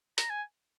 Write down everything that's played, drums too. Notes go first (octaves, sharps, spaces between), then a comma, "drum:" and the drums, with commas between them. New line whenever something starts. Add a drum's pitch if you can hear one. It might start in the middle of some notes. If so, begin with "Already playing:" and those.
A#5, drum: hi-hat
G#5